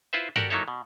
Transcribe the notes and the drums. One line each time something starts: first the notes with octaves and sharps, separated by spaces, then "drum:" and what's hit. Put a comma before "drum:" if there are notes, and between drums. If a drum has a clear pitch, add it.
E4 F4 B4 C5 E5
F#4 G4 A4 A#4 D5 F#5, drum: tom G2
F#3 A#3 D#4 E4 A4 C#5
B2